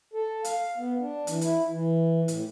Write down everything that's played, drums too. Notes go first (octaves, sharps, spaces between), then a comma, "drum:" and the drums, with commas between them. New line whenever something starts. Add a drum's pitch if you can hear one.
A4
F5, drum: hi-hat
B3
D4
E3, drum: hi-hat
E4, drum: hi-hat
E3
A2, drum: hi-hat